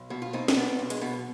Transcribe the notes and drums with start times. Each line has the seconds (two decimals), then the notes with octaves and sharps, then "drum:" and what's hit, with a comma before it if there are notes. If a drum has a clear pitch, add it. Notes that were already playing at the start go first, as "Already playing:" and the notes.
Already playing: B1
0.10 B2
0.22 F4
0.33 B2 C4 D#4
0.48 D#4, drum: snare
0.56 B1 B3 D4
0.79 B1
0.90 G#3, drum: hi-hat
1.01 B2 B3